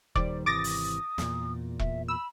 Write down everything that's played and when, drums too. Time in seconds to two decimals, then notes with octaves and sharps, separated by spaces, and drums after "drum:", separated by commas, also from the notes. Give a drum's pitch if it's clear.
0.16 D#1 D#3 G3 C5 D5, drum: kick E1
0.46 G#1 C3 E3 D6 D#6 A6 A#6
0.64 drum: open hi-hat
1.18 E2 A#2, drum: snare
1.80 E5, drum: kick E1
2.08 B5 E6